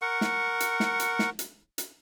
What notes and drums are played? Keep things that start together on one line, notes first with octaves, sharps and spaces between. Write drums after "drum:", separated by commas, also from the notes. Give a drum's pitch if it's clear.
A#4 F#5 C#6
drum: snare
drum: hi-hat
drum: snare
drum: hi-hat
drum: snare
drum: hi-hat
drum: hi-hat